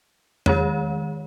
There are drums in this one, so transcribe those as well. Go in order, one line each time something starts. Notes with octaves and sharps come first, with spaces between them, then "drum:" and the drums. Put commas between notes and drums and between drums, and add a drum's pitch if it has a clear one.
D#3 G#3 C#5, drum: tom E2